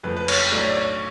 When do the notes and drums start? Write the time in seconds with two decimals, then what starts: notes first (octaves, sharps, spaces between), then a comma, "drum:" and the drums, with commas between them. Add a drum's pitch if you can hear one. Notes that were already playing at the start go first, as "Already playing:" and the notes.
0.03 F#1 F2 F3 A3 B4
0.16 B4
0.28 C#5, drum: cymbal
0.51 B1 A2 F#3 A3 D5
0.59 C#5
0.68 D5
0.76 C#5